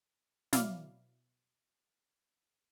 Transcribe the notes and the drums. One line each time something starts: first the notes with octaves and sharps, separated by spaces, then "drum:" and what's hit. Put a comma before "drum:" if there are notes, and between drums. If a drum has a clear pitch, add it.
B2 F#3 E4 D5 F5 F6, drum: snare